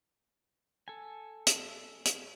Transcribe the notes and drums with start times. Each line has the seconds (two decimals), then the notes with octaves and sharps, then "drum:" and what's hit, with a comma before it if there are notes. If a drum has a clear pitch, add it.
0.88 A4 G#5
1.47 drum: hi-hat
2.05 drum: hi-hat